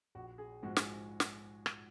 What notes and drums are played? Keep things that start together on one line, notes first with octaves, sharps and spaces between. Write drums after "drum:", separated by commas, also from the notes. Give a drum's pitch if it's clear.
A#1 F#4
G#4
G#2 F3 G#3 F#4
G#4, drum: snare
drum: snare
drum: rim click